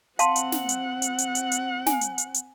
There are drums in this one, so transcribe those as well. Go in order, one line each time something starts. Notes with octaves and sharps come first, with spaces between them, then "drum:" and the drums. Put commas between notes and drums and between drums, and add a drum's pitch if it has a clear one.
C4 F5 F#5 A5 C6, drum: hi-hat
drum: hi-hat
drum: snare
drum: hi-hat
drum: hi-hat
drum: hi-hat
drum: hi-hat
drum: hi-hat
G#5, drum: snare
drum: hi-hat
drum: hi-hat
drum: hi-hat